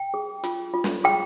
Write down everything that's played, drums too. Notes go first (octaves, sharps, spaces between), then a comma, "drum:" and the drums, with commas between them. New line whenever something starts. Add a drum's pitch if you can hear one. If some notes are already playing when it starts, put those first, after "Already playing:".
Already playing: G5
G#4
F4, drum: hi-hat
F4
drum: snare
G#4 G5